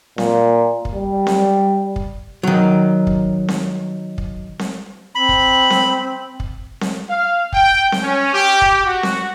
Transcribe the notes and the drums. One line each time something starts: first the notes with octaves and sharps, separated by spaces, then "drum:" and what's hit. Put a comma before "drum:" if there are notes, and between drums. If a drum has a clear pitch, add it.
A#2, drum: snare C4
drum: kick
G3
drum: snare C4
drum: kick
D#3 F#3
drum: kick
drum: snare C4
drum: kick
drum: snare C4
C4 B5
drum: kick
drum: snare C4
drum: kick
drum: snare C4
F5
G5, drum: kick
drum: snare C4
C#4
G4
drum: kick
F#4
drum: snare C4